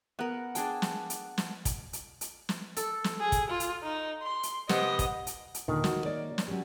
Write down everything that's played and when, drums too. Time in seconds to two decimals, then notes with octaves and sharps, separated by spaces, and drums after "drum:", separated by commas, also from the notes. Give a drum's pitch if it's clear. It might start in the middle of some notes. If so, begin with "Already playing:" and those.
0.19 B3 A#4 F#5
0.55 D4 G#4 G5 A5, drum: hi-hat
0.82 drum: snare
1.10 drum: hi-hat
1.38 drum: snare
1.65 drum: kick, hi-hat
1.93 drum: hi-hat
2.21 drum: hi-hat
2.49 drum: snare
2.77 A4, drum: hi-hat
3.04 drum: snare
3.20 G#4
3.32 drum: kick, hi-hat
3.50 F4
3.60 drum: hi-hat
3.83 D#4
4.23 C6
4.43 drum: hi-hat
4.69 C3 B3 D#5 F#5, drum: snare
4.99 drum: kick, hi-hat
5.27 drum: hi-hat
5.54 drum: hi-hat
5.68 D#2 A#2 D3 D#3
5.84 F#4, drum: snare
6.05 A#3 C#5 D5
6.38 drum: snare
6.48 F#3 C#4 G4